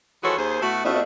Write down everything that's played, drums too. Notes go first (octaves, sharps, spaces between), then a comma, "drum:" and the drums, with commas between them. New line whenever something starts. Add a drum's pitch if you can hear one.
E3 F3 G#3 F#4 A4 C#5
D#2 G#4 C5
B2 A3 E4 F#4
A2 A3 B3 F4 F#4 E5, drum: cymbal